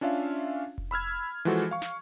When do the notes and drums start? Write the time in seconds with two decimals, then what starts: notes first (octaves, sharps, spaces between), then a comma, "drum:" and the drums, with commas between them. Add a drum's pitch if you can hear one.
0.01 C#4 D4 F4 E5 F5
0.78 drum: kick F1
0.91 B5 E6 F6 G#6
1.45 E3 F3 G#3 F#4 A4 C5
1.71 F5 C#6
1.82 drum: snare